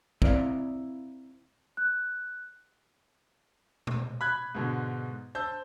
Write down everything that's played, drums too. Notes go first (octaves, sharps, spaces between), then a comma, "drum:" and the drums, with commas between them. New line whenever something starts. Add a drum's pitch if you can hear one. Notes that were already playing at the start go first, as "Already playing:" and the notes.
C4 E4 A#4 D5 E5 F5, drum: kick
F#6
drum: tom A#2
B5 F#6 G#6
G#2 B2 D3
C5 A5 E6 G6